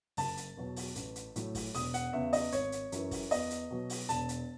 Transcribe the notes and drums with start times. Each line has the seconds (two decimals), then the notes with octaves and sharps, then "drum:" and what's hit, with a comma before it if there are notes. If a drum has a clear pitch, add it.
0.17 F#1 A5, drum: open hi-hat
0.37 drum: hi-hat
0.57 E2 B2 F#3
0.76 drum: open hi-hat
0.96 A1, drum: hi-hat
1.16 drum: hi-hat
1.36 A2 F#3, drum: hi-hat
1.55 drum: kick, open hi-hat
1.74 E1 D#6, drum: open hi-hat
1.94 F#5, drum: hi-hat
2.13 E2 C#3 E5
2.33 D#5, drum: open hi-hat
2.52 G#1 C#5, drum: hi-hat
2.72 drum: hi-hat
2.92 F#2 E3, drum: hi-hat
3.11 drum: kick, open hi-hat
3.31 E2 D#5, drum: open hi-hat
3.50 drum: hi-hat
3.71 B2 F#3
3.90 drum: open hi-hat
4.09 E1 A5, drum: hi-hat
4.29 drum: hi-hat